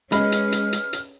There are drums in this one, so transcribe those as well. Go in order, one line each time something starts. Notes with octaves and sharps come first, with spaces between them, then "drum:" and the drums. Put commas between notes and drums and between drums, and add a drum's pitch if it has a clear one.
G#3 C#4 G#4 B4 D#5 B5 F6, drum: hi-hat
drum: hi-hat
drum: hi-hat
drum: hi-hat
drum: hi-hat